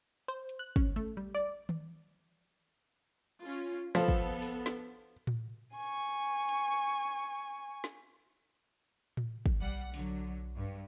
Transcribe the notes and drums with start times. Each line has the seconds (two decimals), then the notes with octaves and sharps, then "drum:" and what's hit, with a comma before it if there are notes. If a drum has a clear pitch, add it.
0.28 C5, drum: hi-hat
0.49 drum: hi-hat
0.59 F#6
0.76 C#4, drum: kick
0.96 A3
1.17 G3
1.35 D5
1.69 drum: tom D#3
3.43 C#4 F4
3.95 F3 B3 A4, drum: snare
4.08 drum: kick
4.42 drum: open hi-hat
4.66 drum: snare
5.27 drum: tom A2
5.75 G#5 C#6
6.49 drum: hi-hat
7.84 drum: snare
9.17 drum: tom A2
9.46 drum: kick
9.60 B1 G3 F#5
9.94 D3 F#3, drum: open hi-hat
10.55 G2